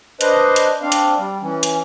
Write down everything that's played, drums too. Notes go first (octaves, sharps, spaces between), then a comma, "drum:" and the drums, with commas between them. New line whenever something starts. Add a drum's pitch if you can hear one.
D4 B4 C5 D#5, drum: hi-hat
drum: hi-hat
C4 D4 F5
drum: hi-hat
G3
E3 C#4
drum: hi-hat